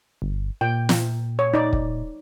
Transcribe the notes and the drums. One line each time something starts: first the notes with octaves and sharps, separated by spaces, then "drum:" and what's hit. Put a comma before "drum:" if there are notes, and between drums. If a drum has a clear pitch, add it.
G1
A#2 G5
drum: snare
C#5
D#4 D5
drum: kick